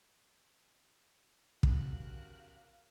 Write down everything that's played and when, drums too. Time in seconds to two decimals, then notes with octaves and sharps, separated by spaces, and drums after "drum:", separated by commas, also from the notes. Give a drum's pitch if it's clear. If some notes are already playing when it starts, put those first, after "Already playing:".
1.63 E2 C#3 F#4 G4 A#4 F5 F#6, drum: kick